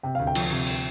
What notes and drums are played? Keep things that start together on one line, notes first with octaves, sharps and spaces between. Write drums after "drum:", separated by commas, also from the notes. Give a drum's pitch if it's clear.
C3 G5
D2 F5
G5
F3, drum: cymbal
C3
drum: open hi-hat